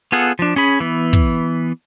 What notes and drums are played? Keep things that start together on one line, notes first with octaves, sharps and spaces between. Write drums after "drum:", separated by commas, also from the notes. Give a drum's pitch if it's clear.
B3 F4 G#4 A4 F#5
F3 D4
C#4 G#4 B5
E3 B3
drum: kick